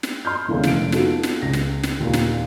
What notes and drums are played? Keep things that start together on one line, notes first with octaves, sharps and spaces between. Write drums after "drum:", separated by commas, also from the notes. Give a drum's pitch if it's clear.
drum: snare
C6 F6 G6
E2 D3 E3 G#3 A#3 C#4
F1 D7, drum: snare
B3 D#4 F4 F#4 A4, drum: snare
drum: snare
C#2 A#6
drum: snare
drum: snare
D#2 A#2 A#3
drum: snare